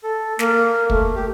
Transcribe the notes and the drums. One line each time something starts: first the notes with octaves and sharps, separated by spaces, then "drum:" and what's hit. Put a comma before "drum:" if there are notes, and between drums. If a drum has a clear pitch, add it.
A4
A#3, drum: snare
A3, drum: kick
G4